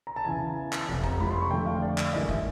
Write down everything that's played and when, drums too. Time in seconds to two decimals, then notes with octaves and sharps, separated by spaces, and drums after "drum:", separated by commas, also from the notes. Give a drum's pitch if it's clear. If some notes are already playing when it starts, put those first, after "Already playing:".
0.07 A#5
0.16 A5
0.25 E2 C#3 E3 G#5
0.73 drum: clap
0.88 F1 F2 C3
1.04 A#5, drum: kick
1.20 B5, drum: tom G#3
1.31 C6
1.41 C#6
1.51 F2 D3 F3 A3 G5
1.66 F5
1.82 D5
1.98 drum: clap
2.13 A1 G2 D#3 G#3 D#5
2.29 E5, drum: kick